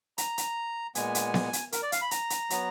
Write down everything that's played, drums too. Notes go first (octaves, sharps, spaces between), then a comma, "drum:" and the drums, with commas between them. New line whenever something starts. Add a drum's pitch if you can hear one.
A#5, drum: hi-hat
drum: hi-hat
A#2 G#3 B3 G#5, drum: hi-hat
drum: hi-hat
drum: snare B3
drum: hi-hat
A#4, drum: hi-hat
D5
F5, drum: hi-hat
B5
A#5, drum: hi-hat
drum: hi-hat
F#3 B3, drum: hi-hat